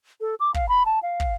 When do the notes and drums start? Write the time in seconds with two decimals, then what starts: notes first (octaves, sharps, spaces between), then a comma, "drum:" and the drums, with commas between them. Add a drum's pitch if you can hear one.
0.21 A4
0.40 D6
0.54 F5, drum: kick
0.69 B5
0.86 A5
1.03 F5
1.20 drum: kick